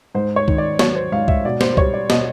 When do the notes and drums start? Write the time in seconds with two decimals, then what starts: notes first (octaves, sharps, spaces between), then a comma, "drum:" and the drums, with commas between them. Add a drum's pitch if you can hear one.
0.15 G#2 C5
0.36 C#5
0.48 D#3, drum: kick C2
0.58 D5
0.79 F#3 C#5, drum: snare
0.96 C5
1.12 G#2 F5
1.28 E5, drum: kick C2
1.45 B2 D5
1.61 C5, drum: snare
1.73 C5
1.77 G3 C#5, drum: kick C2
1.94 D5
2.10 B2 D#5, drum: snare